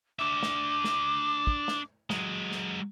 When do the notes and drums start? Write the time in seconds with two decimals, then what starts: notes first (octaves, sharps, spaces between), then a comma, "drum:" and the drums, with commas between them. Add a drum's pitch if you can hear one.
0.19 D4 E5 D6
0.43 drum: snare
0.84 drum: snare
1.47 drum: kick
1.68 drum: snare
2.10 F#3 G#3, drum: snare
2.52 drum: snare